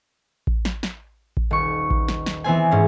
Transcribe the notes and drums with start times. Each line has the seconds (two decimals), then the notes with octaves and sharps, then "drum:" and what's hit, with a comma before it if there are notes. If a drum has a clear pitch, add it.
0.47 drum: kick A1
0.65 drum: snare
0.83 drum: snare
1.37 drum: kick A1
1.51 D#1 C#6
1.91 drum: kick A1
2.08 drum: snare
2.26 drum: snare
2.44 E3 B3 C4 G#5
2.71 G#2 C#4